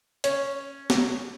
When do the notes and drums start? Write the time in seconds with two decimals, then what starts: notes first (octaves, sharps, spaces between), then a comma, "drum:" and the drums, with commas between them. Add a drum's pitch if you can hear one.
0.24 C#4, drum: hi-hat
0.90 drum: snare